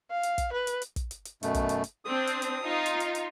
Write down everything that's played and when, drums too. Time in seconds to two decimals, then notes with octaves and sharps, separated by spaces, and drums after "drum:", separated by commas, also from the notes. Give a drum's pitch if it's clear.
0.11 F5
0.23 drum: hi-hat
0.38 drum: kick, hi-hat
0.52 B4
0.67 drum: hi-hat
0.82 drum: hi-hat
0.96 drum: kick, hi-hat
1.11 drum: hi-hat
1.25 drum: hi-hat
1.43 F#2 B2 A3, drum: hi-hat
1.54 drum: kick, hi-hat
1.69 drum: hi-hat
1.84 drum: hi-hat
2.05 C4 D4 D#6
2.27 drum: hi-hat
2.42 drum: hi-hat
2.65 D#4 F4
2.86 drum: hi-hat
3.00 drum: hi-hat
3.15 drum: hi-hat